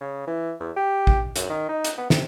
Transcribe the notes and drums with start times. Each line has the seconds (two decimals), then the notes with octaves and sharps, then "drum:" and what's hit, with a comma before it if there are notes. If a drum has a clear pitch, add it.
0.01 C#3
0.27 E3
0.60 E2
0.76 G4
1.07 drum: kick A1
1.36 F#2, drum: hi-hat
1.50 D#3
1.69 D#4
1.84 drum: hi-hat
1.98 B3
2.10 C3, drum: snare